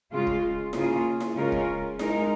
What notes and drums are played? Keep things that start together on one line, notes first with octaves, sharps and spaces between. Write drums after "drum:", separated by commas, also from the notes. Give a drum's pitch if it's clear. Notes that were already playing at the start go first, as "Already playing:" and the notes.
C#3 G#3 F4
drum: kick
C#3 A#3 F4 G#4, drum: snare E4
drum: snare E4
C#3 G#3 C#4 F4 A#4
drum: kick
G#3 D#4 A#4, drum: snare E4